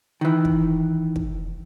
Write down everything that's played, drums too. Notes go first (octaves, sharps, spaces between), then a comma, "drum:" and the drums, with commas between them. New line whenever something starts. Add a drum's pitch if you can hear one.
D#3 E3
drum: kick
drum: kick